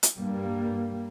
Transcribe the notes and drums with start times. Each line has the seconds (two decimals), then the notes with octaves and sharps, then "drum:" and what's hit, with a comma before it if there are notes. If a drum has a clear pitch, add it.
0.03 drum: hi-hat
0.18 G2 G3 A#3